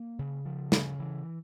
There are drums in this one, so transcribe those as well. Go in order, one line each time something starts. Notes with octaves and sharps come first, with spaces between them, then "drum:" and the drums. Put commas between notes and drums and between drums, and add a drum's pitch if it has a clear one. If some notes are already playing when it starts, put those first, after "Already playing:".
Already playing: A#3
C#3
F3
C#3, drum: snare
E3